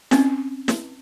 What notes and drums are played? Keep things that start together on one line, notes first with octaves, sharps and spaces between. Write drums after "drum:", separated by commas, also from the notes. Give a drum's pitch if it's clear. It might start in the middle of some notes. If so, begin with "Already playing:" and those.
C4 C#4, drum: snare
drum: snare